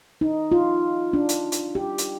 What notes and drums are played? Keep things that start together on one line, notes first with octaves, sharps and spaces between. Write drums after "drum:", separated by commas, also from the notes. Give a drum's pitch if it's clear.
D#4
F4
D4
drum: hi-hat
drum: hi-hat
G4
drum: hi-hat